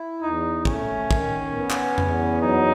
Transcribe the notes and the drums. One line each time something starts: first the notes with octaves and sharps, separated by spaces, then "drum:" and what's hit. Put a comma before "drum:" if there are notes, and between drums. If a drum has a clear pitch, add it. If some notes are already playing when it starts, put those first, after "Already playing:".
Already playing: E4
E2 D#4
A3 C#4, drum: kick
D#3, drum: kick
B3
drum: clap
E2, drum: tom F2
F#3 D#4